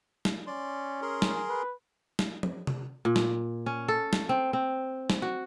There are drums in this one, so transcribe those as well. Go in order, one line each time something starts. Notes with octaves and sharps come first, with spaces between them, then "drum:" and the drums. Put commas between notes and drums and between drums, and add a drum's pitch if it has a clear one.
drum: snare
C#4 D5 C6
G#4 A#4 C6
drum: snare
B4
drum: snare
drum: tom
drum: tom C3
A#2
drum: snare
C#4
A4
drum: snare
C4
C4
drum: snare
F#4